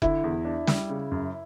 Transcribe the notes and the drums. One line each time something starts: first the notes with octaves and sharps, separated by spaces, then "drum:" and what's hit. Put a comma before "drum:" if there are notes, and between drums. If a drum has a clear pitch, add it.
D3 E4, drum: kick F1
E2
D4
G3, drum: snare
C#3
F#2